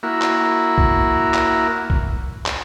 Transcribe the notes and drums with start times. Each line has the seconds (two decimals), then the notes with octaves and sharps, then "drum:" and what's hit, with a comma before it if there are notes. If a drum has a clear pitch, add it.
0.03 A#3 E4 F#4
0.22 drum: clap
0.78 drum: kick B1
1.34 drum: clap
1.90 drum: kick B1
2.46 drum: clap